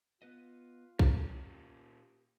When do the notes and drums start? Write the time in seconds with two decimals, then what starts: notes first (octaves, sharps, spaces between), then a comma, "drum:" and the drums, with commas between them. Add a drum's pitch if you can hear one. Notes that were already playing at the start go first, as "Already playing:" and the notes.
0.22 B3 F4 B4 D#5
0.99 A#2 C#4 G4, drum: kick B1